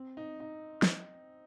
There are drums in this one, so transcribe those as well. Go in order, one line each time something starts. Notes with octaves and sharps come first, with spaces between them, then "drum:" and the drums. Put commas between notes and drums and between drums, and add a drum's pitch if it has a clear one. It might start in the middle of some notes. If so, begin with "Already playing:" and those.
Already playing: C4
D#4
D#4
drum: snare